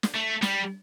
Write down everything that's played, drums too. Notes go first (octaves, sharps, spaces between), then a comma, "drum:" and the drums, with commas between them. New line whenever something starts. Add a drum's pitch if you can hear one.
drum: snare
A3
G3, drum: snare